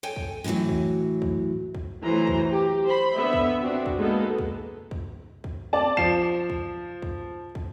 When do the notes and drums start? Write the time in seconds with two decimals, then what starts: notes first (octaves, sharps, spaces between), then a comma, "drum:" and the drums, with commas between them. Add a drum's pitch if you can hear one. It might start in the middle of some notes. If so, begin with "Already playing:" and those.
0.03 A4 C#5 G5 G#5
0.16 drum: kick
0.44 A2 C3 D#3 E3 F#3
0.69 drum: kick
1.22 drum: kick
1.75 drum: kick
2.04 E3 F#3 A3 C5 A#5
2.27 drum: kick
2.51 G4
2.85 C5 B5
3.15 D3 B3 E5
3.33 drum: kick
3.61 C4 D4 F#4
3.86 drum: kick
3.98 G#3 A#3 B3 D#4 G#4 A4
4.39 drum: kick
4.91 drum: kick
5.44 drum: kick
5.73 D5 A5
5.97 F3 C7 E7, drum: kick
6.50 drum: kick
7.02 drum: kick
7.55 drum: kick